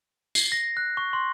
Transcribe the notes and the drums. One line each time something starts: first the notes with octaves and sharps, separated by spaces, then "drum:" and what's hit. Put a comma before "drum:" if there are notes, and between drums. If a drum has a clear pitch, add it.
C7, drum: tambourine
A#6
F#6
C#6
C6